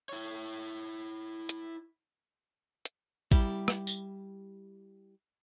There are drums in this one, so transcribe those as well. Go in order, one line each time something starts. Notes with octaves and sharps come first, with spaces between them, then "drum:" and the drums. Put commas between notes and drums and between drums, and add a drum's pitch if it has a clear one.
E4 C#5
drum: hi-hat
drum: hi-hat
G3 E4 G4, drum: kick A1
drum: rim click
drum: tambourine